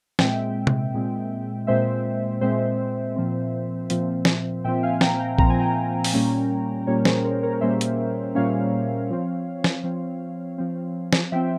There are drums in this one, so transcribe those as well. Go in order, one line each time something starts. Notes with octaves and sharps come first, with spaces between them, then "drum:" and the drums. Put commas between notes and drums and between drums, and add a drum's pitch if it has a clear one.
A#2 G#3 C4 E5 G5, drum: snare
drum: tom C3
A#2 G#3 C4
A#2 G#3 C4 C5 E5
A#2 G#3 C4 C5 E5
A#2 F3 C4
A#2 F3 C4, drum: hi-hat
drum: snare
A#2 F3 C4 E5 G5
F5 G#5
G5 A#5, drum: snare
G5 A#5
A#2 F3 C4 A#5, drum: kick A#1
G#5
G5 A#5
drum: open hi-hat
A#2 G3 A#3 C#4
A#2 G3 A#3 C#4 A#4 C#5
G#4 C5, drum: snare
A#4 C#5
A#4 C#5
A#2 G3 A#3 C#4 C5 E5
drum: hi-hat
A#2 G3 A#3 C#4 C#5 F5
F3 C4
drum: snare
F3 C4
F3 C4
drum: snare
F3 C4 E5 G5